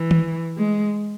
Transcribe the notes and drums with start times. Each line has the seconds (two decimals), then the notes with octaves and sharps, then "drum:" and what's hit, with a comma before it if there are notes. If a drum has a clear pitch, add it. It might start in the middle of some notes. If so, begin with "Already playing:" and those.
Already playing: E3
0.11 drum: tom D#3
0.57 G#3